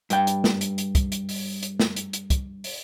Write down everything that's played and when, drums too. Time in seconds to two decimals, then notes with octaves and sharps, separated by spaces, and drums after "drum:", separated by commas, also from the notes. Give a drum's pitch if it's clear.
0.10 G2 G5, drum: hi-hat
0.27 drum: hi-hat
0.44 drum: snare
0.61 drum: hi-hat
0.78 drum: hi-hat
0.95 drum: kick, hi-hat
1.12 drum: hi-hat
1.29 drum: open hi-hat
1.63 drum: hi-hat
1.80 drum: snare
1.96 drum: hi-hat
2.13 drum: hi-hat
2.30 drum: kick, hi-hat
2.64 drum: open hi-hat